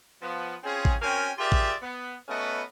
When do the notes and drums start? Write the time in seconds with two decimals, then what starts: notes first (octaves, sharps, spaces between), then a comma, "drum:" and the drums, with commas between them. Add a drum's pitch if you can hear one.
0.22 F3 B3
0.63 C4 C#4 F4 G#4
0.85 drum: kick A1
1.01 C4 C#4 F#4 A#4 G5 G#5
1.38 F4 G4 G#4 A#4 D5 E5
1.52 drum: kick A1
1.82 B3
2.28 F#3 A3 B3 C#4 B4 D#5